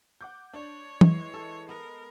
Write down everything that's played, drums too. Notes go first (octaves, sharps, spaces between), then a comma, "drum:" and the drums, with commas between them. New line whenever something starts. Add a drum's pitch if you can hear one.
F#5 D6 G6
D4 C#5
E3 G#3, drum: tom
A4
B3 A#4